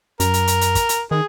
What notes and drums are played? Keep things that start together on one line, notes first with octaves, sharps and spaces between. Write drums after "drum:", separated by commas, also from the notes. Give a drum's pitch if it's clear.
F#2 A#4, drum: hi-hat
drum: hi-hat
drum: hi-hat
drum: hi-hat
drum: kick, hi-hat
drum: hi-hat
D#3 G#4